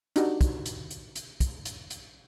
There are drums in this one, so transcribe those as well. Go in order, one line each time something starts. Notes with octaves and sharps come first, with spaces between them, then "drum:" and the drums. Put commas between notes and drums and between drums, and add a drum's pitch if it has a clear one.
D4 D#4 F#4 G4, drum: hi-hat
drum: kick, hi-hat
drum: hi-hat
drum: hi-hat
drum: hi-hat
drum: kick, hi-hat
drum: hi-hat
drum: hi-hat